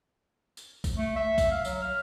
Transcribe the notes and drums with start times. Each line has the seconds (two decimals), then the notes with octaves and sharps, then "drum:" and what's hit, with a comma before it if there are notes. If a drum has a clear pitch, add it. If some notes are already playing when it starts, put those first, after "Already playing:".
0.57 drum: tambourine
0.84 drum: kick, tambourine
0.97 A3
1.16 E5
1.38 drum: kick, tambourine
1.51 F5
1.65 F#3, drum: tambourine
1.82 F6